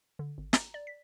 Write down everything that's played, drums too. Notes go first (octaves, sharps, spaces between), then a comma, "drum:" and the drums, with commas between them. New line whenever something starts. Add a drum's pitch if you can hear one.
D3
G#1
A#5, drum: snare
D5
B6